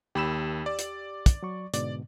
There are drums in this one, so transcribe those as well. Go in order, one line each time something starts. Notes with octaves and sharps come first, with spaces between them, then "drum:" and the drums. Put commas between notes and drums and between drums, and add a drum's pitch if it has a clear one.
D#2 G4 B5 E6 E7
D5
drum: hi-hat
drum: kick, hi-hat
F#3 C#6
G#2 B2 D3 D5, drum: hi-hat